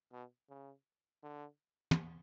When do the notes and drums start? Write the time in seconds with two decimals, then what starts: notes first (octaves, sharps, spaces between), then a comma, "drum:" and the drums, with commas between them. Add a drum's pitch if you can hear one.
0.12 B2
0.50 C#3
1.23 D3
1.91 drum: tom